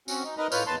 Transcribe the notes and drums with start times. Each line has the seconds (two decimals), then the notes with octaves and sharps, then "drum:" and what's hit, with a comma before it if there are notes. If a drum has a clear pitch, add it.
0.08 C4 C#4 F#4, drum: tambourine
0.24 D#4
0.38 D#4 A#4 B4 D#5 A#5
0.52 A2 F4 B4 C#5 F6 G6, drum: tambourine
0.67 E2 B4 A5 C6